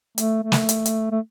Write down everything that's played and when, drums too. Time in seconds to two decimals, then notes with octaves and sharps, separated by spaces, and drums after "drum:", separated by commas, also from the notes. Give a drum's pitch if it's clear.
0.18 A3, drum: hi-hat
0.43 A3
0.52 drum: snare
0.69 drum: hi-hat
0.86 drum: hi-hat
1.11 A3